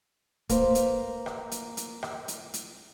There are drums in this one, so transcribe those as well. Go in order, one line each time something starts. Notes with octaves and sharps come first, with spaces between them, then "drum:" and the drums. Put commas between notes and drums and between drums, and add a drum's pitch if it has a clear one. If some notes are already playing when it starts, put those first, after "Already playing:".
A#3 B4 C5, drum: kick, hi-hat
drum: hi-hat
drum: rim click
drum: hi-hat
drum: hi-hat
drum: rim click
drum: hi-hat
drum: hi-hat